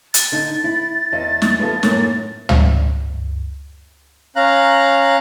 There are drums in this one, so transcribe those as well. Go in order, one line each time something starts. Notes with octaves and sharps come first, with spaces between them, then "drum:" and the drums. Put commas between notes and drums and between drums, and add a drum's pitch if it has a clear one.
A6, drum: hi-hat
D3 D#4
E4
E2 D#5 E5
drum: snare
B3 F4 A4
F#2 A2 A#3, drum: snare
drum: tom
C#4 F5 A#5 F#6